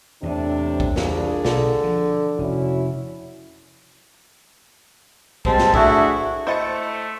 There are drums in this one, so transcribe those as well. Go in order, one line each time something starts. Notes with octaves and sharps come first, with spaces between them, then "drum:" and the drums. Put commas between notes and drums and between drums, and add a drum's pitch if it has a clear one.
E2 A2 C3 E3 D4
drum: kick B1
C2 D4 F4 G#4, drum: snare
B1 D3, drum: snare
F3
F1 C#4 E4 F#4
G3 G#3 C4 A5, drum: kick B1
drum: snare
A3 D4 E4 F#4 G#4, drum: kick B1
A3 E4 C5 D#5 F#5 A6 C#7